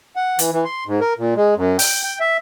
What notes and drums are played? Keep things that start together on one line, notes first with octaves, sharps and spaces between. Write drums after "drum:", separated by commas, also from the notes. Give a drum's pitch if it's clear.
F#5
E3, drum: hi-hat
E3
C6
G#2
A#4
A#2
G#3
F#2
G5, drum: open hi-hat
G5
E5